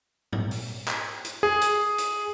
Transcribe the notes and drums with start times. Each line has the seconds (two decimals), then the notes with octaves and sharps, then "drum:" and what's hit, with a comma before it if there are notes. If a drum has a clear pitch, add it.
0.33 drum: tom G#2
0.51 drum: open hi-hat
0.88 drum: clap
1.25 drum: hi-hat
1.43 G#4
1.61 drum: hi-hat
1.98 drum: hi-hat